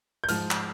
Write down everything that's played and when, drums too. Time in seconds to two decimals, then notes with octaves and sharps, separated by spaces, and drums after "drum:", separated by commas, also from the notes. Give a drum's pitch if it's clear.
0.24 G6
0.29 G#2 F3 F6, drum: hi-hat
0.51 drum: clap